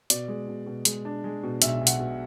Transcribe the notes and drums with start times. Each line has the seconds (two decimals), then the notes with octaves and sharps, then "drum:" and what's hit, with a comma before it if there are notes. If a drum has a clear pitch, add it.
0.10 B2 D5, drum: hi-hat
0.28 G#3
0.48 B2
0.66 B2
0.85 G#3, drum: hi-hat
1.05 D4
1.24 G#3
1.43 B2
1.62 B1 E5, drum: hi-hat
1.81 B1
1.87 F#5, drum: hi-hat
2.00 B2